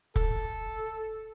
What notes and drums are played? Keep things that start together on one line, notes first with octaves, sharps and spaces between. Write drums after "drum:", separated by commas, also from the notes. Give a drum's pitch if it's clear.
A4, drum: kick